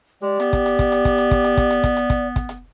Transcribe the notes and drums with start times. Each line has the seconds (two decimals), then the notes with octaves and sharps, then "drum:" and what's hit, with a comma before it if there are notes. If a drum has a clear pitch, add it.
0.22 G#3 G4 D5
0.40 B3, drum: hi-hat
0.53 drum: kick, hi-hat
0.66 drum: hi-hat
0.79 drum: kick, hi-hat
0.92 drum: hi-hat
1.05 drum: kick, hi-hat
1.18 drum: hi-hat
1.31 drum: kick, hi-hat
1.44 drum: hi-hat
1.57 drum: kick, hi-hat
1.71 drum: hi-hat
1.84 drum: kick, hi-hat
1.97 drum: hi-hat
2.10 drum: kick, hi-hat
2.36 drum: kick, hi-hat
2.49 drum: hi-hat